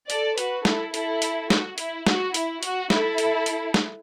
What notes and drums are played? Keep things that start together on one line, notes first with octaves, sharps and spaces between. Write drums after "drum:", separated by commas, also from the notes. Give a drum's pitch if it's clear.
A4 D5, drum: hi-hat
F#4 B4, drum: hi-hat
E4 A4, drum: snare
E4 A4, drum: hi-hat
drum: hi-hat
F#4, drum: snare
E4, drum: hi-hat
F#4, drum: snare
E4, drum: hi-hat
F#4, drum: hi-hat
E4 A4, drum: snare
drum: hi-hat
drum: hi-hat
drum: snare